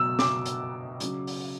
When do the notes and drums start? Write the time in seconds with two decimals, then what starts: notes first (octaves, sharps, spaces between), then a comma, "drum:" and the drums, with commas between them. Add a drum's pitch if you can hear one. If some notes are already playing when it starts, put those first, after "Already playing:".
Already playing: B2 F#3 E6
0.19 D6, drum: snare
0.46 drum: hi-hat
1.00 C#3 F#3, drum: hi-hat
1.27 drum: open hi-hat